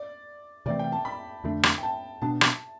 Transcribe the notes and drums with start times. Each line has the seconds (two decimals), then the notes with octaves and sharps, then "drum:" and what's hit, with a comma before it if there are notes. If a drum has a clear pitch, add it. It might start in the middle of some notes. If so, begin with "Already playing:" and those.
Already playing: D5
0.66 C3 E3 A3 C4 D5
0.79 G5
0.92 A5
1.05 B5
1.44 F2 D3 A3 D4
1.63 drum: rim click
1.78 G5
1.83 A5
2.22 B2 B3 D4 A5
2.41 drum: rim click